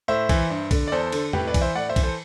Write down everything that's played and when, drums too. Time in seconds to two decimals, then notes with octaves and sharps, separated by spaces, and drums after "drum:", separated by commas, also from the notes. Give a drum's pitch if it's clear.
0.08 A2 C5 E5
0.29 E3, drum: kick, cymbal
0.50 G2
0.71 D3, drum: kick, cymbal
0.88 D5
0.92 E2 A4 C5
1.12 D3, drum: cymbal
1.33 A2 G4 B4, drum: tom E2
1.47 B4 D5
1.54 E3, drum: kick, cymbal
1.61 C5 E5
1.75 A2 D5 F#5
1.89 C5 E5
1.96 E3, drum: kick, cymbal
2.03 A4 C5